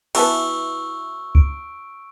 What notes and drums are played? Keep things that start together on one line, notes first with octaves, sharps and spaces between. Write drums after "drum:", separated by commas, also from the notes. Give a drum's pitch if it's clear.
E3 B3 E4 F#4 B4 A5 C#6 E6, drum: cymbal
D7, drum: kick C#2